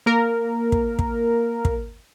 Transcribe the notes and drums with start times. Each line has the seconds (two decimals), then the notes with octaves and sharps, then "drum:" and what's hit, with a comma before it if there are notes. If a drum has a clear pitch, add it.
0.06 A#3 A#4
0.72 drum: kick
0.99 drum: kick
1.65 drum: kick